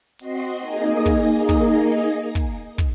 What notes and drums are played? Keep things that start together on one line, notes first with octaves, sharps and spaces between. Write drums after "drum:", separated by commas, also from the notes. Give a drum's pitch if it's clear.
C4 F#4 D#5 C6, drum: hi-hat
A#3 D#4 G#4 D#5
drum: kick, hi-hat
drum: kick, hi-hat
drum: hi-hat
drum: kick, hi-hat
drum: kick, hi-hat